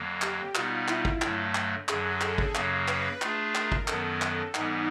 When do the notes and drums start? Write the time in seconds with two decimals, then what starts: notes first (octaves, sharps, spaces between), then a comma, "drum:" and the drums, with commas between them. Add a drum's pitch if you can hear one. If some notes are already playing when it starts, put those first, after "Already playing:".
Already playing: F2 D3 F#3 A#3
0.22 G4, drum: clap
0.55 B2 G3 B3 D#4 F4, drum: clap
0.88 E4, drum: clap
1.05 drum: kick
1.22 G2 D3 F#3 A3, drum: clap
1.55 drum: clap
1.89 F#2 D3 F#3 G#4, drum: clap
2.21 A4, drum: clap
2.38 drum: kick
2.55 F#2 C#3 F#3 A#3, drum: clap
2.88 B4, drum: clap
3.22 A3 D4 F4 G#4, drum: clap
3.55 A#4, drum: clap
3.72 drum: kick
3.88 F#2 D#3 F#3 B3 A4, drum: clap
4.22 drum: clap
4.55 G#2 E3 G3 B3 D#4, drum: clap